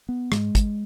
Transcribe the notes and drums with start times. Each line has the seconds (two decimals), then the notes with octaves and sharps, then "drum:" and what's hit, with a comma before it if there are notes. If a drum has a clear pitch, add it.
0.09 B3
0.32 G#2 G#3, drum: rim click
0.55 drum: kick, hi-hat